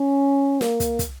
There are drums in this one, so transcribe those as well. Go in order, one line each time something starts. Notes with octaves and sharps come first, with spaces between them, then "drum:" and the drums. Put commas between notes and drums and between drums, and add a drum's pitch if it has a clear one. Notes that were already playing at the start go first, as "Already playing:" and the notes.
Already playing: C#4
A#3, drum: snare
drum: kick, hi-hat
drum: kick, hi-hat